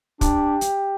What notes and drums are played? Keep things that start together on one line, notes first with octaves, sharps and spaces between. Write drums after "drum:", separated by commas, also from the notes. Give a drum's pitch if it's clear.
D4 G4, drum: kick, hi-hat
drum: hi-hat